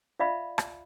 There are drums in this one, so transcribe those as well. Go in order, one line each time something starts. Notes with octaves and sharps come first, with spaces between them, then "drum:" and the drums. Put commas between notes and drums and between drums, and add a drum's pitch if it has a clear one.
F4 D5 E5 F5 B5
drum: rim click